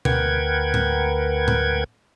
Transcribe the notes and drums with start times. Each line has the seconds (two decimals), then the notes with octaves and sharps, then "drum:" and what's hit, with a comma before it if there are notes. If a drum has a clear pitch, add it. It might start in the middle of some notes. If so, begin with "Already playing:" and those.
0.05 D2 A#4 B4 F#5 G5 G#6, drum: tom B2
0.74 drum: tom A2
1.48 drum: tom A2